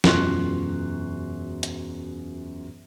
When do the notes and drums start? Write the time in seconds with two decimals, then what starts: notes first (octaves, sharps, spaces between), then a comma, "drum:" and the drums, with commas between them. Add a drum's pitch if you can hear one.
0.04 E1 F#2 F4 C6 C#6 F#6, drum: snare
1.63 drum: hi-hat